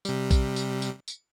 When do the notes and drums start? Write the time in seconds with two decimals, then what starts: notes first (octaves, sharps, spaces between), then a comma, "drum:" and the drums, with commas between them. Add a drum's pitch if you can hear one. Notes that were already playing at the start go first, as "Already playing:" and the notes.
0.05 C3 G3, drum: tambourine
0.31 drum: kick, tambourine
0.56 drum: tambourine
0.82 drum: tambourine
1.08 drum: tambourine